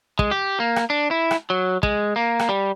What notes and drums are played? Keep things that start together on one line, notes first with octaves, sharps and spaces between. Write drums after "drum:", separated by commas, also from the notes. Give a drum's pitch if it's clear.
G#3, drum: kick
G4
A#3
drum: rim click
D4
E4
drum: rim click
F#3
G#3, drum: kick
A#3
drum: rim click
G3